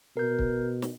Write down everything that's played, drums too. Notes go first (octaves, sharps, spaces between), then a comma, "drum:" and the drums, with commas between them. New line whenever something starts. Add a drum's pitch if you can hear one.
B2 A#4 G6
drum: kick
drum: snare